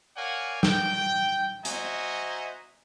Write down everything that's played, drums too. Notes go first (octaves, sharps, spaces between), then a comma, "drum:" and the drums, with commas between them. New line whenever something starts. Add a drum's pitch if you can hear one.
A#4 C#5 D5 F5 F#5 G#5
G5, drum: snare
F#4 C5 D#5 E5 G#5 A#5, drum: hi-hat